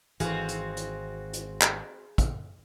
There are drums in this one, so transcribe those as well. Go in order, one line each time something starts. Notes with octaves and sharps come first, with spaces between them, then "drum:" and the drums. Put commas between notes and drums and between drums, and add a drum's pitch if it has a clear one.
G#1 E3 C4 F#4 G#4 F5, drum: hi-hat
drum: hi-hat
drum: hi-hat
drum: hi-hat
drum: clap
drum: kick, hi-hat